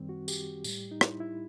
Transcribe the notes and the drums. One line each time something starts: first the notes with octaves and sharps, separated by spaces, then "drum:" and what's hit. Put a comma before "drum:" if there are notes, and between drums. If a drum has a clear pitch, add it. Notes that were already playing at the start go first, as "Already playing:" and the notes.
Already playing: F#2 D#3 G3 C4
F#4
G4, drum: tambourine
A2 G3, drum: tambourine
D#4
E4, drum: rim click
E4